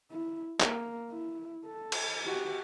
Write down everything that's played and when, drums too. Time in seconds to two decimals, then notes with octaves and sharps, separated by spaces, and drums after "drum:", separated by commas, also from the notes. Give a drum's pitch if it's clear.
0.11 E4
0.61 A#3, drum: clap
1.10 E4
1.66 A4
1.92 drum: cymbal
2.23 F#4 G4